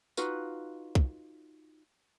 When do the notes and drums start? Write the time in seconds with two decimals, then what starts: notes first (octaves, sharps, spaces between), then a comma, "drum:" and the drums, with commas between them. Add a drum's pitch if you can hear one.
0.17 D#4 F4 F#4 B4, drum: tambourine
0.95 drum: kick